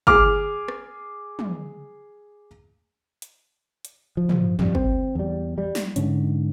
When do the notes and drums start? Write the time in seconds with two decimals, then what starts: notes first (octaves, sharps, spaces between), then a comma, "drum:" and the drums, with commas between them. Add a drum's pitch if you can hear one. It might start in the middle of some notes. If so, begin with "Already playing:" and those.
0.07 G#4 D6 F6, drum: kick
0.68 drum: rim click
1.39 drum: tom
3.22 drum: hi-hat
3.85 drum: hi-hat
4.17 F3
4.29 drum: tom
4.59 F2 G3, drum: tom
4.75 C4, drum: kick
5.15 E2 G3
5.58 G3
5.75 drum: snare
5.96 G#2 D3 C#4, drum: hi-hat